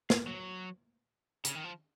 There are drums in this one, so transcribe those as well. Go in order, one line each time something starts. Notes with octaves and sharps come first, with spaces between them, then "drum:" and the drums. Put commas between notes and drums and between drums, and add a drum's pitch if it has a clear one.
F4, drum: snare
F#3
C#3, drum: hi-hat
D#3
F3